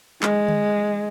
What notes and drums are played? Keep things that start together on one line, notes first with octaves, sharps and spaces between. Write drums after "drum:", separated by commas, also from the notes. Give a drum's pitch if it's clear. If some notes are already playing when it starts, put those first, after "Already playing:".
G#3, drum: clap
drum: tom D3